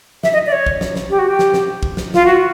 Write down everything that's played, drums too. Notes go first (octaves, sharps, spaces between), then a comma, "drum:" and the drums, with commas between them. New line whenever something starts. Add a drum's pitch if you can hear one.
E5, drum: snare
D#5
D5
C#5
drum: kick
drum: snare
drum: snare
G4
F#4
G4
drum: snare
drum: snare
drum: kick
drum: snare
F4, drum: snare
F#4